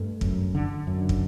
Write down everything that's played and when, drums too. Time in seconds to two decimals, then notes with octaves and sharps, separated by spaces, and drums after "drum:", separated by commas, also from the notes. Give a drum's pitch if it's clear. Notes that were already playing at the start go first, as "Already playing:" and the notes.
Already playing: G2 A3
0.21 F#2, drum: kick
0.55 D3
0.87 F#2
1.09 drum: kick